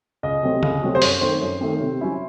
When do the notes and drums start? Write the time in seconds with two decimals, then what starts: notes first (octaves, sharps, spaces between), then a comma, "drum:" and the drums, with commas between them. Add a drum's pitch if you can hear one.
0.23 C#2 D#5
0.43 C3 F#3 A3 C4
0.63 C#2, drum: tom
0.82 C3 F#3 A3 C4
0.95 C5
1.02 F#2 C#5, drum: open hi-hat
1.21 D#3 A3 C4 C5
1.41 F#2
1.61 D#3 A3 C4
1.80 C3
2.01 F#3 C#4 E4